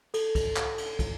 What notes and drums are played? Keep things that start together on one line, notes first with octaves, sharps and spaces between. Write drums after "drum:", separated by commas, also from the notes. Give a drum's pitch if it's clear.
A4, drum: cymbal
drum: kick, cymbal
drum: clap
drum: cymbal
drum: kick, cymbal